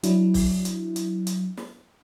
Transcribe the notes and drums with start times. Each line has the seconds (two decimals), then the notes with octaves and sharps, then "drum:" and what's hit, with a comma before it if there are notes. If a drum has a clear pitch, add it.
0.03 F#3 D4 E4, drum: hi-hat
0.34 drum: kick, open hi-hat
0.65 drum: hi-hat
0.96 drum: hi-hat
1.27 drum: hi-hat
1.57 drum: snare